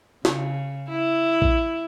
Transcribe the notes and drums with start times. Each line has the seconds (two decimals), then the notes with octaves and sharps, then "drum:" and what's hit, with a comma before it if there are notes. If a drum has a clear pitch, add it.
0.25 C#3, drum: snare
0.90 E4
1.42 drum: kick